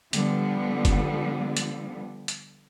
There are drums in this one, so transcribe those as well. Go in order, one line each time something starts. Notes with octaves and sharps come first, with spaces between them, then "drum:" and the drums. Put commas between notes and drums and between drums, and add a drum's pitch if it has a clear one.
D3 F3 G3 B3, drum: hi-hat
drum: kick F1, hi-hat
drum: hi-hat
drum: hi-hat